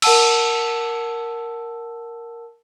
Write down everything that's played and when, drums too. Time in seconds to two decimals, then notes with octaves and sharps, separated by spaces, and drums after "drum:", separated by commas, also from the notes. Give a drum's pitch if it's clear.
0.02 A#4 F#5 A5 E6, drum: cymbal